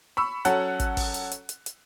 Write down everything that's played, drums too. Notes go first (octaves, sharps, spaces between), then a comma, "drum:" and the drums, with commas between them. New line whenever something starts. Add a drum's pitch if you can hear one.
B5 C#6 E6
F#3 C#4 A4 F#5 F#6, drum: hi-hat
drum: kick, hi-hat
drum: kick, open hi-hat
drum: hi-hat
drum: hi-hat
drum: hi-hat
drum: hi-hat